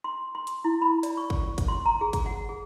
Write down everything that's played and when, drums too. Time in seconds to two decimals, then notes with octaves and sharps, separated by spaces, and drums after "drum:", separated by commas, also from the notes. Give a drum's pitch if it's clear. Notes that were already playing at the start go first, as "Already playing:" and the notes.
0.04 C6
0.35 C6
0.47 drum: hi-hat
0.65 E4
0.82 B5
1.03 D5, drum: hi-hat
1.17 C#6
1.30 drum: kick
1.58 drum: kick, hi-hat
1.68 C6
1.86 A#5
2.01 G#4
2.13 drum: kick, hi-hat
2.26 F#5
2.49 G#4